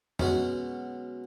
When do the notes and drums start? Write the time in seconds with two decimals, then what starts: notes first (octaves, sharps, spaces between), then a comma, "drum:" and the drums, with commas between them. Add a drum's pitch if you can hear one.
0.19 B2 F#3 G#3 C#4 F#4, drum: tom